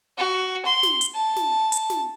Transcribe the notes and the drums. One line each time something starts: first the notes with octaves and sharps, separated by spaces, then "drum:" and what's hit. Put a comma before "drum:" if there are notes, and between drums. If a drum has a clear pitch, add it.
F#4
C6
drum: snare
drum: hi-hat
A5
drum: snare
drum: hi-hat
drum: snare